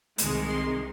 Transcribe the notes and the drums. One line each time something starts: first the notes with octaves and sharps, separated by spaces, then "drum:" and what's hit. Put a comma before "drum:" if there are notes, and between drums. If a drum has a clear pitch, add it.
C2 C3 D#3 G#3, drum: hi-hat
C6